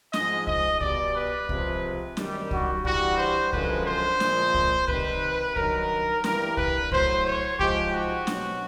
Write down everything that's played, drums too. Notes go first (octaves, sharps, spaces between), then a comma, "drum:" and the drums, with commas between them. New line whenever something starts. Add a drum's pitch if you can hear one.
G#2 F3 G#3 D#5, drum: snare
D#5, drum: kick C2
B2 G3 D5, drum: kick C2
B4
C3 F3 G#3, drum: kick C2
F#2 D#3 G3, drum: snare
F#4, drum: kick C2
G2 E3 G3 F#4, drum: kick C2
C5
F#2 D3 F3 G#3 B4, drum: kick C2
C5
A#2 F3 G#3, drum: snare
drum: kick C2
C3 D#3 G3 B4, drum: kick C2
G2 D#3 F#3 A#4, drum: kick C2
G2 E3 G3 A#4, drum: snare
B4, drum: kick C2
A2 F#3 C5, drum: kick C2
C#5
G#2 F3 G#3 G4, drum: kick C2
F#4
B2 F#3, drum: snare